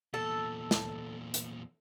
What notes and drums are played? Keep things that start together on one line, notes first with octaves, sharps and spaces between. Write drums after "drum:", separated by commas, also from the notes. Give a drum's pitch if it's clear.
E2 A#2 A4
drum: snare
drum: hi-hat